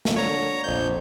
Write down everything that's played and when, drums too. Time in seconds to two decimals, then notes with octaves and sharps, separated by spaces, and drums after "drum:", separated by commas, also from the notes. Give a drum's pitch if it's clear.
0.05 drum: snare
0.16 D3 C#5 A#5
0.64 A#1 F2 G6